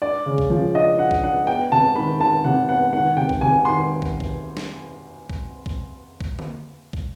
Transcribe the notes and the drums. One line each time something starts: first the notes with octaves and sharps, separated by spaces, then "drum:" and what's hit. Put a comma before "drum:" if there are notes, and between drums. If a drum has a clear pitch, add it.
D4 D5
C#3
drum: kick
F3
D4 D#5
D4 F#5
drum: kick
D4 F#5
B3 G5
C3 A5
D#3 B5
D#3 A5
C3 F#5
B3 F#5
D#3 F#5
C3 G5
drum: kick
C3 G#5
D#3 C6
drum: kick
drum: kick
drum: snare
drum: kick
drum: kick
drum: kick
drum: tom D3
drum: kick